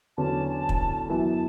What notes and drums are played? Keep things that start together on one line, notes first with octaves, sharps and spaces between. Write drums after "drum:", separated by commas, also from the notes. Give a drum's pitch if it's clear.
E2 D3 F#3 C#4 A5
drum: kick
F#2 E3 B3 E4 A5